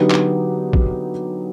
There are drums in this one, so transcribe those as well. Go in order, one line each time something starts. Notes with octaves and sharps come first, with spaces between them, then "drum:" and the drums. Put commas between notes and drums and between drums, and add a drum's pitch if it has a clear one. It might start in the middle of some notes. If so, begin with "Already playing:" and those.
Already playing: D3 F#3 B3 D#4 G4
drum: clap
drum: kick